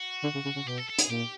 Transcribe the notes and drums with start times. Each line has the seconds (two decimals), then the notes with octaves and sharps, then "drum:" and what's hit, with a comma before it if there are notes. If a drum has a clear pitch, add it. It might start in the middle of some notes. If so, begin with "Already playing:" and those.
Already playing: F#4
0.23 D3
0.34 C#3
0.45 C#3
0.56 C#3
0.66 B2 G4
0.77 A4
0.89 A4
0.99 G#4, drum: hi-hat
1.10 A#2 G4